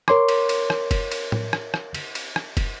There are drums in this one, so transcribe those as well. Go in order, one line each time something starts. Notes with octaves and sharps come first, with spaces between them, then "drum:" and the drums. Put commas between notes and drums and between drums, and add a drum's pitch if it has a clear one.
A#4 C#5 C6 D6, drum: rim click
drum: cymbal
drum: cymbal
drum: rim click
drum: kick, cymbal
drum: cymbal
drum: tom A2
drum: rim click
drum: rim click
drum: cymbal
drum: cymbal
drum: rim click
drum: kick, cymbal